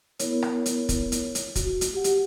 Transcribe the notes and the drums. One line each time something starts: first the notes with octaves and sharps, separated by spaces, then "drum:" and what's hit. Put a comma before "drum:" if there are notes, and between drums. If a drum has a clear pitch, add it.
B3 E4 A#4 C#5, drum: hi-hat
drum: rim click
drum: hi-hat
drum: kick, hi-hat
drum: hi-hat
drum: hi-hat
F#4, drum: kick, hi-hat
drum: hi-hat
G4 F#5
drum: hi-hat